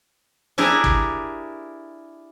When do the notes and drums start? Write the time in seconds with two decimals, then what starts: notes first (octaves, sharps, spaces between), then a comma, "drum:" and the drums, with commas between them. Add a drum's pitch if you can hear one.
0.58 D4 E4 G4 G#4 A#4, drum: snare
0.84 drum: kick